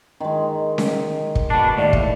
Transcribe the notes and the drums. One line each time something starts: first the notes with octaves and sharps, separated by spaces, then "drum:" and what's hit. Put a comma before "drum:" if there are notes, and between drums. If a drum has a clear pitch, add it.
D#3 G#3
drum: snare C#4
drum: kick
B2 D4 A5
D#2 A2 D5
drum: kick